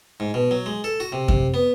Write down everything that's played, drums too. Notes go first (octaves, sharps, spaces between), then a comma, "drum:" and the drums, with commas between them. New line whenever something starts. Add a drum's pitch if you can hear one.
G#2
B2
F#3
G#3
A4
F#4
C3
C3, drum: kick F#2
B3